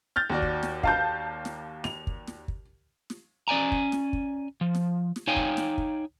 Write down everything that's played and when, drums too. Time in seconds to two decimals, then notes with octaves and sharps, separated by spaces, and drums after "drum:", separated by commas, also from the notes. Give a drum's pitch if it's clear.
0.16 F6 G6 A6
0.30 D#2 F#4 D5
0.42 drum: kick
0.63 drum: snare
0.83 F5 A5 G6, drum: kick
1.45 drum: snare
1.84 F7, drum: snare
2.07 drum: kick
2.28 drum: snare
2.48 drum: kick
3.10 drum: snare
3.48 C#4 D5 G#5 A#5
3.72 drum: kick
3.92 drum: snare
4.13 drum: kick
4.61 F3
4.75 drum: snare
5.16 drum: snare
5.27 D#4 C#5 F5 G5 G#5
5.36 drum: kick
5.57 drum: snare
5.78 drum: kick